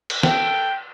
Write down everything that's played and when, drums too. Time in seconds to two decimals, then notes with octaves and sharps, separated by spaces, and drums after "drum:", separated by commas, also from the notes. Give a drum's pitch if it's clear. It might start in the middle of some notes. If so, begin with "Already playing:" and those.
0.10 drum: cymbal
0.23 A4 G5, drum: snare